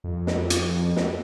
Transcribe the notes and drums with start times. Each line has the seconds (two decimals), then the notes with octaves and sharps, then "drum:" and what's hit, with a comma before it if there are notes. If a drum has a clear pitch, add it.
0.04 F2
0.27 drum: snare
0.50 drum: hi-hat
0.96 drum: snare